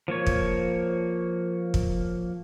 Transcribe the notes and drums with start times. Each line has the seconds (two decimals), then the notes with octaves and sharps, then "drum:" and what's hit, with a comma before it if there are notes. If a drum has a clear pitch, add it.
0.08 F3 A#3 C#5
0.27 drum: kick
1.74 drum: kick